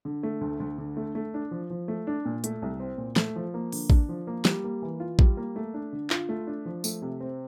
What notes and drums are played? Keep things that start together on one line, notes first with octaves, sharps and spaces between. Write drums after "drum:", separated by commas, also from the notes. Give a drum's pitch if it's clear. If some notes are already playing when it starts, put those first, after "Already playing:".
D3
A3
D2
D2
D3
A3
A3
D4
F3
F3
A3
D4
A#2
A3, drum: hi-hat
C2
C4
A#2
A3, drum: snare
F3
A#3
D3, drum: open hi-hat
D4, drum: kick A1
F3
A#3
G3, drum: snare
A#3
E3
F4
G3, drum: kick A1
A#3
A3
D4
D3
F4, drum: clap
A3
D4
F3
A3, drum: tambourine
C3
C4